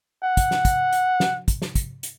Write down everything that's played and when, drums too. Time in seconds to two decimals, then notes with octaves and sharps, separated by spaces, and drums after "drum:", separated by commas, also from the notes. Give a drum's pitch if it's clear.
0.23 F#5
0.37 drum: kick, hi-hat
0.51 drum: snare
0.65 drum: kick, hi-hat
0.92 drum: hi-hat
1.20 drum: snare
1.48 drum: kick, hi-hat
1.62 drum: snare
1.75 drum: kick, hi-hat
2.03 drum: hi-hat